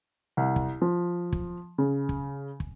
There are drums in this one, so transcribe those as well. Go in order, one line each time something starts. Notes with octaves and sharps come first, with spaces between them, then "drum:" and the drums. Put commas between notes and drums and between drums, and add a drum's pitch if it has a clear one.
C2
drum: kick
F3
drum: kick
C#3
drum: kick
drum: kick